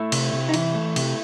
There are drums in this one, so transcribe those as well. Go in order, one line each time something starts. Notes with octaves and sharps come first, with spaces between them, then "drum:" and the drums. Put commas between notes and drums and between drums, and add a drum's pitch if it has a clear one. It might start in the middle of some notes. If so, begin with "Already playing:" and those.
Already playing: A3 E4
C3, drum: cymbal
C3
D#4
E3 E4, drum: cymbal
A3
C3, drum: cymbal